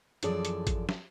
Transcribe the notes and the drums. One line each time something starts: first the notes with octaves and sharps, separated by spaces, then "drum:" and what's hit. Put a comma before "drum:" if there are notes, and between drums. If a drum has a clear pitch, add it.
F#2 E3 F3 G#4 A4 D5, drum: hi-hat
drum: hi-hat
drum: kick G#1, hi-hat
drum: snare